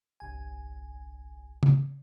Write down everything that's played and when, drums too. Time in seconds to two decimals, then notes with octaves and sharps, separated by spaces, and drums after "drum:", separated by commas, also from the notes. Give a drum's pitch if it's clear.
0.20 G1 C2 G#5
1.63 drum: tom